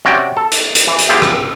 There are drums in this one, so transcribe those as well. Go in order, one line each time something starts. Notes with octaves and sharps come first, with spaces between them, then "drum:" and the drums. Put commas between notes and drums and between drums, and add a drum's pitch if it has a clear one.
C3 C#4 F#4 C#5 D5 G5
A4
drum: hi-hat
drum: hi-hat
E3
drum: hi-hat
F3 B3 G4 G#4 E5
drum: rim click